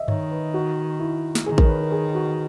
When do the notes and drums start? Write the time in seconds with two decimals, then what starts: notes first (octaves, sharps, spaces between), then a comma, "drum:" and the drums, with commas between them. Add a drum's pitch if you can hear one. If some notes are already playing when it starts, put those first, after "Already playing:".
Already playing: D#5 E5
0.08 D#3 C#5, drum: tom G2
0.31 B4
0.54 F#4
1.00 E4
1.35 drum: snare
1.46 D#3 G#4
1.58 A#4, drum: kick A1
1.65 C#5
1.69 B4
1.81 A#4
1.92 G#4
2.15 F#4